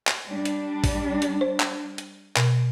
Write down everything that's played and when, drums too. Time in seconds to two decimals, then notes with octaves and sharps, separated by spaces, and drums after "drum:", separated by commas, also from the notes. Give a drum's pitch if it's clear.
0.07 drum: clap
0.27 G3 D4
0.45 drum: hi-hat
0.84 drum: kick A1, open hi-hat
1.22 drum: hi-hat
1.41 C5
1.60 drum: clap
1.98 drum: hi-hat
2.36 B2, drum: clap